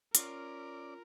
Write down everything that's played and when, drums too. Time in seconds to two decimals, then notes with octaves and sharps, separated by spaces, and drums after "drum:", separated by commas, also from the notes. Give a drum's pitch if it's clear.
0.15 C#4 F4 A#4 D5, drum: hi-hat